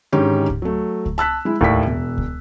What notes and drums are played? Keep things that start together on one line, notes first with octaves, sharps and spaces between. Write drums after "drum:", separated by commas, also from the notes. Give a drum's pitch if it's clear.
G#2 D3 D#3 C#4 D#4 G4
drum: kick C#2
F#3 A3
drum: kick C#2
A5 E6 F#6 B6
G#3 E4
D#2 A2 D5 C#6 B6, drum: kick C#2
E1
drum: kick C#2